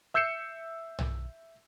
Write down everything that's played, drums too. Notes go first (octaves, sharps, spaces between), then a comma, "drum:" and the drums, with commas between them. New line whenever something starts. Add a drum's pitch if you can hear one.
E5 E6 G6 C7 C#7 E7
drum: tom B1